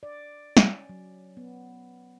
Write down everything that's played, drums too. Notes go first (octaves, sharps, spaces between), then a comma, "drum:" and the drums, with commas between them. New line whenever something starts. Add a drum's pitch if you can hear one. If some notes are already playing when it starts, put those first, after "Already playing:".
D5
C#4, drum: snare
F#3
B3